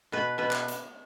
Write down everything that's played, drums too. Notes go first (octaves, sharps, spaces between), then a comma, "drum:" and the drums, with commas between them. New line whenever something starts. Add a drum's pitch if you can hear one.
B2 B4
B2 B4
drum: clap
drum: hi-hat